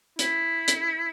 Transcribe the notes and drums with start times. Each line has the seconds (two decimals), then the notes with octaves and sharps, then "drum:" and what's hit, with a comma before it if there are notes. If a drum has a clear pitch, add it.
0.19 E4, drum: hi-hat
0.68 drum: hi-hat